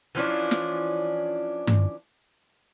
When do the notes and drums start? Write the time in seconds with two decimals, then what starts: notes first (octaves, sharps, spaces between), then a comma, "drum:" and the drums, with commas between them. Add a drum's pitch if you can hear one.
0.15 E3 F3 C#4 D4
0.51 drum: snare
1.67 drum: tom G2